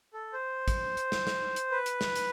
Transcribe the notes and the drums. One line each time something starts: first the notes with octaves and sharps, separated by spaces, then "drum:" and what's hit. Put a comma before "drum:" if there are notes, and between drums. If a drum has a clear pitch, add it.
A4
C5
drum: kick, hi-hat
drum: hi-hat
drum: snare
drum: snare
drum: hi-hat
B4
drum: hi-hat
drum: snare
drum: hi-hat